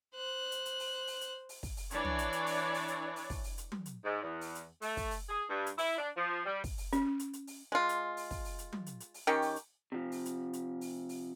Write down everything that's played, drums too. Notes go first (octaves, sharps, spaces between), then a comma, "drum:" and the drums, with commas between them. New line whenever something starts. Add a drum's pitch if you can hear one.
C5 F#6
drum: hi-hat
drum: hi-hat
drum: open hi-hat
drum: open hi-hat
drum: hi-hat
drum: open hi-hat
drum: kick, open hi-hat
drum: open hi-hat
E3 D4 C#5 D5, drum: hi-hat
drum: tom
drum: hi-hat
drum: hi-hat
drum: open hi-hat
drum: open hi-hat
drum: hi-hat
drum: open hi-hat
drum: kick, open hi-hat
drum: open hi-hat
drum: hi-hat
drum: tom F#3
drum: hi-hat
G#2
E2
drum: open hi-hat
drum: hi-hat
A3, drum: open hi-hat
drum: kick, open hi-hat
drum: open hi-hat
G#4
G2
drum: hi-hat
E4, drum: open hi-hat
D4
F3
G3
drum: kick, open hi-hat
drum: open hi-hat
C#4, drum: hi-hat
drum: hi-hat
drum: hi-hat
drum: open hi-hat
G#3 F4
drum: hi-hat
drum: open hi-hat
drum: kick, open hi-hat
drum: open hi-hat
drum: hi-hat
drum: tom F#3
drum: hi-hat
drum: hi-hat
drum: open hi-hat
D#3 C#4 G4
drum: open hi-hat
drum: hi-hat
C3 F3
drum: open hi-hat
drum: hi-hat
drum: hi-hat
drum: open hi-hat
drum: open hi-hat